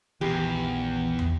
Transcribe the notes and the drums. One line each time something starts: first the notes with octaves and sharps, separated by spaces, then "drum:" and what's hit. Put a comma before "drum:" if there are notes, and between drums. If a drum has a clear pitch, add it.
A#1 E2 D#3 E3 G4
drum: tom